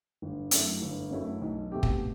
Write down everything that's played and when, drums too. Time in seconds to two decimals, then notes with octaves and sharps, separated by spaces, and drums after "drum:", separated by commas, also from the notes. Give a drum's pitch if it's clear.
0.22 G1
0.51 F#2 F#3 A3 E4, drum: hi-hat
0.82 G1
1.11 F#2 F#3 A3 E4
1.42 B1
1.72 B2 A3 C4 G4
1.83 drum: kick